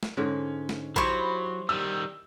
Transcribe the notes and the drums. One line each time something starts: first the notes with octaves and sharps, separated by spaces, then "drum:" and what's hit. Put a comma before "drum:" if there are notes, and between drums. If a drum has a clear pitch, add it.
drum: snare
G#2 D3 G#3 C#4
drum: snare
F#3 E4 G4 C5 D5 B5 C#6, drum: kick A1
D#3 G3 E6